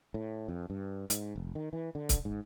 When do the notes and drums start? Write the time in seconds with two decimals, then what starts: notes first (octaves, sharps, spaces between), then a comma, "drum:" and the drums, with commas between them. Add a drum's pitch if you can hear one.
0.14 A2
0.48 F2
0.70 G2
1.10 G#2, drum: hi-hat
1.36 F1
1.55 D#3
1.73 E3
1.95 D3
2.09 drum: kick C#1, hi-hat
2.25 G#2